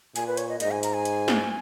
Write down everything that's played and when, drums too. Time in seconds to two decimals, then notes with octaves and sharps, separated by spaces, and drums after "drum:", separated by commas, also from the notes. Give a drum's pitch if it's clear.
0.16 A#2 G#5, drum: hi-hat
0.27 B4
0.37 C#5, drum: hi-hat
0.49 D#5
0.60 G#2 D#5, drum: hi-hat
0.71 G#5
0.83 A#5, drum: hi-hat
0.94 G#5
1.05 drum: hi-hat
1.28 drum: snare